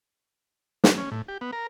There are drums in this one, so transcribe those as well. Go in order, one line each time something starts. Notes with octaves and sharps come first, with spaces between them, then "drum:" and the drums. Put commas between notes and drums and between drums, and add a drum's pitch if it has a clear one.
D4, drum: snare
C#4
A2
G4
B3
A#4